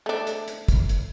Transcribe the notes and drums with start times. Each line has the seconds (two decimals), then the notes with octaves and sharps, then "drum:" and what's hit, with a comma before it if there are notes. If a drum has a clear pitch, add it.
0.06 A3 D4
0.27 drum: hi-hat
0.48 drum: hi-hat
0.68 drum: kick, hi-hat
0.89 drum: hi-hat